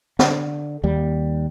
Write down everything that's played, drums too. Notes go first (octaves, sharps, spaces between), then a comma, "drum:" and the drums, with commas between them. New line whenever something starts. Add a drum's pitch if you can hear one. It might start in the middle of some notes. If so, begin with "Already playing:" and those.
D3, drum: snare
D#2 G3